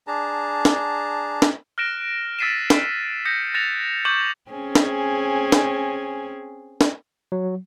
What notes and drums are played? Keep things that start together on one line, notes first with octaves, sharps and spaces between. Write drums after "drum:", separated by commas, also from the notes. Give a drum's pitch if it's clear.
D4 G#4 A5 A#5
drum: snare
drum: snare
F6 F#6 A#6 D7 E7
E6 A6 B6 C7 D#7 E7
drum: snare
D#6 G6 A#6 C#7
F#6 A6 A#6 C#7 E7 F7
C#6 D6 G6 E7 F#7
C4 C#4 G#4
drum: snare
drum: snare
drum: snare
F#3